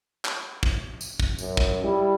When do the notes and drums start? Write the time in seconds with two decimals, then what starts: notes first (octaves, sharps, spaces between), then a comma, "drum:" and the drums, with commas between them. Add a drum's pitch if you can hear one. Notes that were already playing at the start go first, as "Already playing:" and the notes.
0.25 drum: clap
0.63 drum: kick
1.01 drum: tambourine
1.20 drum: kick
1.38 F#2, drum: tambourine
1.57 drum: kick
1.84 G3 E4